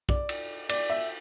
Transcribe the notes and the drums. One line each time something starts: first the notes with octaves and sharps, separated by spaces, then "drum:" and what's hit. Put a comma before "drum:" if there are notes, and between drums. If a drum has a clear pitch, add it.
D5, drum: kick
drum: cymbal
D5, drum: cymbal
E5